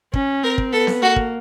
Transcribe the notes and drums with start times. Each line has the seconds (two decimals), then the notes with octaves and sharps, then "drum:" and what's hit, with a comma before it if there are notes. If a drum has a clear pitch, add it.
0.14 C#4, drum: kick
0.43 C4 A#4
0.58 drum: kick
0.73 B3 A4
0.87 drum: snare C4
1.02 A#3 F#4
1.16 drum: kick